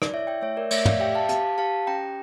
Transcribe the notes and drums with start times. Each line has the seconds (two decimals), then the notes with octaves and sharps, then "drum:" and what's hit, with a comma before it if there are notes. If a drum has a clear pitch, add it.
0.02 D5, drum: rim click
0.13 E4 C#5 E5
0.27 E5 G5
0.42 A3 C#5 E5
0.56 A#4 D5
0.71 A3 C#5 E5, drum: cymbal
0.85 D5 F5, drum: tom
1.00 G4 E5 G5
1.15 F5 A5
1.29 G4 F5 A5, drum: hi-hat
1.58 G4 F5 A5
1.87 C#4 G5 A#5